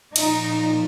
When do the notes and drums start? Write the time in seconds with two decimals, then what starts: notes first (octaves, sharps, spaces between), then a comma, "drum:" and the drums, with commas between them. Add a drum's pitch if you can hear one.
0.16 A#2 F3 D#4, drum: cymbal